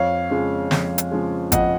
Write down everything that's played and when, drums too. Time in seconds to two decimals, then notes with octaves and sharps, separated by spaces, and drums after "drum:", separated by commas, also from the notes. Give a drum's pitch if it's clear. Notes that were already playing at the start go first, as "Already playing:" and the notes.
Already playing: F2 C#5 F5
0.30 C#3 F3 G#3
0.71 F2, drum: snare
0.98 drum: hi-hat
1.11 C#3 F3 G#3
1.52 F2 D#5 F#5, drum: kick G#1, hi-hat